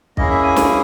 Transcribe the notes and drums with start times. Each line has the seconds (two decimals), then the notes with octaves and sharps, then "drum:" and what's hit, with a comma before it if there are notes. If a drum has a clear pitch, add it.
0.17 A#3 C#4 E4 G#4 D#5, drum: kick
0.30 E5
0.43 G#5
0.56 drum: snare